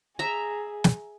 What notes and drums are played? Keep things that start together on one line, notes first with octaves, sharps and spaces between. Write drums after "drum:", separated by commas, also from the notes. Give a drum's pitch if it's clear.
G#4 E5 A#5
drum: snare